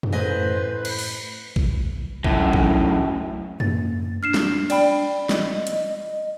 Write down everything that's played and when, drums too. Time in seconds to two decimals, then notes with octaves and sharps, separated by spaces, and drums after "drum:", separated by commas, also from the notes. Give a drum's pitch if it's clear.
0.03 drum: tom F#2
0.13 A1 B4 C5 D#5 G#5
0.85 drum: cymbal
0.99 drum: open hi-hat
1.56 drum: kick A#1
2.24 F#2 A2, drum: kick A#1
2.53 drum: kick A#1
3.60 A#3 A6, drum: tom F#2
4.23 D4 F6 C7 E7
4.34 drum: snare
4.70 D5 G5 B5, drum: cymbal
5.29 D#5, drum: snare
5.67 drum: hi-hat